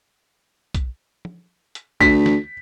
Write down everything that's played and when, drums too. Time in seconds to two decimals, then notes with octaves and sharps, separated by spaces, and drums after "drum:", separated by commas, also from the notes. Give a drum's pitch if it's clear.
0.75 drum: kick, hi-hat
1.25 drum: tom
1.75 drum: hi-hat
2.01 D2 B6, drum: kick
2.26 drum: snare